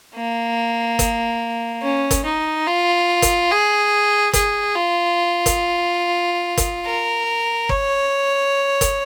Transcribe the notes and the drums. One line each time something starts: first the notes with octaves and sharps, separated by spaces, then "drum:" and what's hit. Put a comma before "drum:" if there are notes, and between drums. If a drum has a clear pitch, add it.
A#3
drum: kick G1, hi-hat
C#4
drum: kick G1, hi-hat
D#4
F4
drum: kick G1, hi-hat
G#4
G#4, drum: kick G1, hi-hat
F4
drum: kick G1, hi-hat
drum: kick G1, hi-hat
A#4
C#5, drum: kick G1
drum: kick G1, hi-hat